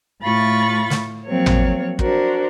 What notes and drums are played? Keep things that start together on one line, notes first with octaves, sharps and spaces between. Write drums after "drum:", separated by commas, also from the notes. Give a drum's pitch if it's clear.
A2 A3 F4 B5 C#6 A6
drum: snare
F3 F#3 A#3 C4 C#5
drum: tom
D4 F#4 A#4 C5, drum: kick